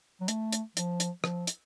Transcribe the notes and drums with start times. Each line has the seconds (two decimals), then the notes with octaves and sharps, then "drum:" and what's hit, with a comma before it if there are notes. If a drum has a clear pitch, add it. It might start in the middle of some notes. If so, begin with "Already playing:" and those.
0.21 F#3
0.28 A3, drum: hi-hat
0.53 drum: hi-hat
0.77 F3, drum: hi-hat
1.00 drum: hi-hat
1.24 F3, drum: rim click
1.47 drum: hi-hat